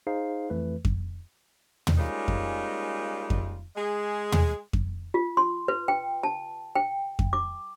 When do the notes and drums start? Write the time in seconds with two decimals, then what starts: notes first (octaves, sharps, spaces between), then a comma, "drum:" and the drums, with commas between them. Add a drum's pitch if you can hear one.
0.07 D#4 G#4 C5 F5 C7
0.50 F2 E3 A3 B4
0.85 drum: kick F2
1.87 drum: tom
1.97 G3 G#3 A#3 C#4 D#4 F4
2.28 drum: kick F2
3.30 drum: kick F2
3.76 G#3 G#4
4.32 drum: tom
4.73 drum: kick F2
5.14 F4
5.37 C6
5.68 B4
5.88 G5
6.23 A5
6.75 G5
7.19 drum: kick F2
7.33 D6